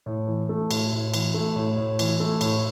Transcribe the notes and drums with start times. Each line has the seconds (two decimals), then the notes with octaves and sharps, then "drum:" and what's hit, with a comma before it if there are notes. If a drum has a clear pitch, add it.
0.06 A2
0.27 E3
0.49 A3
0.71 A2, drum: cymbal
0.92 A2
1.14 E3, drum: cymbal
1.34 A3
1.56 A2
1.77 A2
1.99 E3, drum: cymbal
2.20 A3
2.41 A2, drum: cymbal